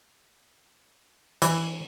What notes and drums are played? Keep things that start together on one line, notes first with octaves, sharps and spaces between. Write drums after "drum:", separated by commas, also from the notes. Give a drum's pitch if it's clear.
E3, drum: hi-hat